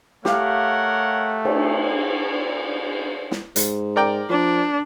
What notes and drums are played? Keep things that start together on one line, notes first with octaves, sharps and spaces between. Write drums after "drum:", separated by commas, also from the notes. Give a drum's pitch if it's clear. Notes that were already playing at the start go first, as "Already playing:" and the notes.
A3 G4 A#4 C#5 F5 F#5, drum: snare
drum: cymbal
drum: snare
G#2, drum: hi-hat
A#4 D5 G5
F3 D4